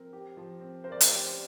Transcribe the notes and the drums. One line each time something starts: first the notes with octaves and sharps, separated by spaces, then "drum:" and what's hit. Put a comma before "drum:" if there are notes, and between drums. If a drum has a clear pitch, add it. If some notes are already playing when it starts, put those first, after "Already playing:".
Already playing: F3 C4 A#4
G4
F3
C4
A#4 C5
D5
C5, drum: hi-hat
G4 D5